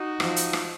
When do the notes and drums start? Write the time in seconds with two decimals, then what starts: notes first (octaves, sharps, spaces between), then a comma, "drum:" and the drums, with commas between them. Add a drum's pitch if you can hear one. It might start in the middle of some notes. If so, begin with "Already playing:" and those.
Already playing: D#4 F#4
0.20 F3, drum: rim click
0.36 drum: hi-hat
0.53 drum: rim click